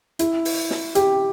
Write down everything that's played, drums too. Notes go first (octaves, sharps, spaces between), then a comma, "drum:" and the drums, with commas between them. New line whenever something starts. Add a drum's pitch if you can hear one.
E4, drum: hi-hat
drum: open hi-hat
drum: snare
G4, drum: hi-hat